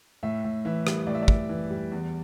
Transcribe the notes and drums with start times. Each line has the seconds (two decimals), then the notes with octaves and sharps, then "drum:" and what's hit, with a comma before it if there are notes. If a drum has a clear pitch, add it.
0.23 A2 E5
0.44 A2
0.65 E3 E5
0.87 G3, drum: rim click
1.07 A2 D5
1.15 E5
1.23 D5
1.28 A2, drum: kick
1.49 E3
1.71 G3
1.92 E2